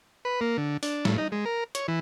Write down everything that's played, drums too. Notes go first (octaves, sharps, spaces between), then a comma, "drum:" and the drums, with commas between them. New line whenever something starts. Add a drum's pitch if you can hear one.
B4
A#3
D3
D4, drum: open hi-hat
A2, drum: snare
D#4
G#3
A#4
C#5, drum: hi-hat
E3